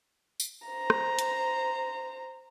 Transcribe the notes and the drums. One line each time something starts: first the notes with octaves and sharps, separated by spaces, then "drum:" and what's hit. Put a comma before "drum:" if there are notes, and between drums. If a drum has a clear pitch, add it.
drum: tambourine
C5 A#5
drum: rim click
drum: hi-hat